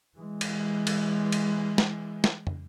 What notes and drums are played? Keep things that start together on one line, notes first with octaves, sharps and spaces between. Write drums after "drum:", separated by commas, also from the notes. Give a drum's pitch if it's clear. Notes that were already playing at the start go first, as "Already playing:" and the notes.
E3 G#3
drum: cymbal
drum: cymbal
drum: cymbal
drum: snare
drum: snare
drum: tom